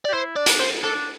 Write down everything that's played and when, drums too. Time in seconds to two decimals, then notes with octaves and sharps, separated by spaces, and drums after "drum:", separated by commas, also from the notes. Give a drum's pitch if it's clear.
0.05 D5
0.09 G4
0.13 E4 C5
0.36 D4 D5
0.46 drum: hi-hat
0.59 C5
0.83 D4 A4